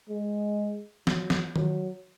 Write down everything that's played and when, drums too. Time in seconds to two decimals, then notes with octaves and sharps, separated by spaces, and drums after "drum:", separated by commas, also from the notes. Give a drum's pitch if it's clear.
0.09 G#3
1.07 F#3, drum: snare
1.30 drum: snare
1.56 F#3, drum: tom D#3